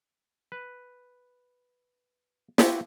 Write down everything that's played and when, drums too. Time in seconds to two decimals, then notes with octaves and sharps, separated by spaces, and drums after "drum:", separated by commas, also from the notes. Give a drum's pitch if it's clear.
0.52 B4
2.58 C4 E4 F#4 G4 B4 C5, drum: snare